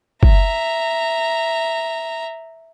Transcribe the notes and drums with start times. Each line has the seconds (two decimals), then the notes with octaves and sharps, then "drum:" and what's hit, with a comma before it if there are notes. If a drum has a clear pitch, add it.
0.23 E5 A#5, drum: kick F#1